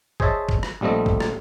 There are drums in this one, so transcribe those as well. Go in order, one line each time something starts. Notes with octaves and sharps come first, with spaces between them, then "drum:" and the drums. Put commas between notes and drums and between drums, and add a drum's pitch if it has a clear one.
G#4 C5 C#5 D#5 E5 A5, drum: kick
drum: kick
drum: rim click
A#1 G3 A3 C4 D#5
drum: kick
drum: rim click